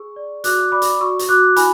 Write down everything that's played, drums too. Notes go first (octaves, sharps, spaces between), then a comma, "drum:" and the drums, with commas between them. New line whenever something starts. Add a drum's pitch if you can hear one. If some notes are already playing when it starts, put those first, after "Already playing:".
Already playing: G#4 C#6 E6
D5
F#4 D6 F#6, drum: hi-hat
D5 B5 D6
drum: hi-hat
F#4 C#6 E6
drum: hi-hat
F#4 D6 F#6
E4 G#5 B5, drum: hi-hat